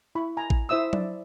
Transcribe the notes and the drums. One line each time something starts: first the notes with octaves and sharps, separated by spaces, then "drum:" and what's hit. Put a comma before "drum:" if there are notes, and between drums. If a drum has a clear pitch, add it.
E4 B5 C#6
G#5 A#5
drum: kick A1
E4 C5 E5 D#6 E6
D5, drum: tom F#3